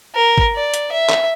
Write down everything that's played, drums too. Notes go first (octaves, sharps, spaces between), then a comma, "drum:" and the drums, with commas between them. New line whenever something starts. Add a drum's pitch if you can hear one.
A#4
drum: kick
D5
drum: hi-hat
E5
drum: clap